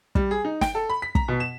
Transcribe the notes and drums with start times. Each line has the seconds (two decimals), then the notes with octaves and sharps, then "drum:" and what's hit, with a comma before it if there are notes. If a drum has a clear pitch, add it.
0.15 G3, drum: kick
0.31 G#4
0.45 D#4
0.61 G5, drum: snare
0.75 A4
0.90 B5
1.02 B6
1.15 A#5, drum: kick
1.28 B2
1.40 E7